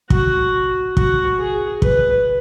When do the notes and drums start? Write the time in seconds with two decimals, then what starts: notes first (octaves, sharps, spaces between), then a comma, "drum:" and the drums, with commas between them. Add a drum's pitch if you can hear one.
0.10 F#4, drum: kick
0.97 F#4, drum: kick
1.38 G#4
1.82 B4, drum: kick